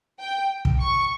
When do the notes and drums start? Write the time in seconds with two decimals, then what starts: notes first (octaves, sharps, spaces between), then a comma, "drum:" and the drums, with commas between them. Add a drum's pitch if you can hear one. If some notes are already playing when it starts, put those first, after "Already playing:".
0.19 G5
0.65 drum: kick
0.80 C#6